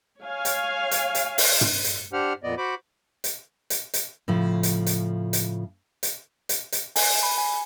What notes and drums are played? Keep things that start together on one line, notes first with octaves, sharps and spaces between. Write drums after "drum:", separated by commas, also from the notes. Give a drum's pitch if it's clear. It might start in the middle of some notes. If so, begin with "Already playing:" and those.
C#5 F5 G#5
drum: hi-hat
drum: hi-hat
drum: hi-hat
drum: open hi-hat
drum: tom
drum: hi-hat
D4 G4 C5 F#5 F6
F2 A#2 B3 D5 D#5
F#4 C5 B5 D6
drum: hi-hat
drum: hi-hat
drum: hi-hat
A2 C#3 F3
drum: hi-hat
drum: hi-hat
drum: hi-hat
drum: hi-hat
drum: hi-hat
drum: hi-hat
G#5, drum: open hi-hat
B5
G#5